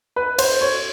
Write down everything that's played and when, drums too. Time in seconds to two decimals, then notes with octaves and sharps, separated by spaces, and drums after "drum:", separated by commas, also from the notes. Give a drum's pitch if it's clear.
0.16 B4
0.39 C5, drum: cymbal
0.61 C#5